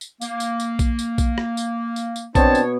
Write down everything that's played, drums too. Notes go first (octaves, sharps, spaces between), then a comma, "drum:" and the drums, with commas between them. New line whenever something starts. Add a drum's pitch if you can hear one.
drum: tambourine
A#3, drum: tambourine
drum: tambourine
drum: tambourine
drum: kick A#1, tambourine
drum: tambourine
drum: kick A#1, tambourine
drum: rim click
drum: tambourine
drum: tambourine
drum: tambourine
B2 C4 D4 C#5 A5, drum: kick A#1, tambourine
drum: tambourine